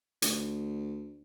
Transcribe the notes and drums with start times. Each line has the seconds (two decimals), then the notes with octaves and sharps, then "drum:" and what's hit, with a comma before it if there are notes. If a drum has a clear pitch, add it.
0.22 D2, drum: hi-hat